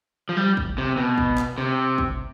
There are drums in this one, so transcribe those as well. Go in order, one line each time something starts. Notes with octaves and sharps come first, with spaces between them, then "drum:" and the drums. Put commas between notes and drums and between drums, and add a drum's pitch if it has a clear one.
F3
G3
drum: kick
C3
B2
drum: kick
drum: clap
C3
drum: kick